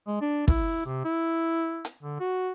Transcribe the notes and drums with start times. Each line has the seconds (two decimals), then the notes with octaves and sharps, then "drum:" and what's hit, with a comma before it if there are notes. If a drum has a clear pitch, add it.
0.07 G#3
0.21 D4
0.48 E4, drum: kick
0.86 C3
1.05 E4
1.85 drum: hi-hat
2.03 D3
2.20 F#4